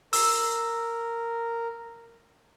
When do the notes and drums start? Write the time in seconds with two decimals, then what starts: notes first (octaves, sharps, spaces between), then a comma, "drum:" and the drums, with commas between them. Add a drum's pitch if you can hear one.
0.13 A#4 E6, drum: open hi-hat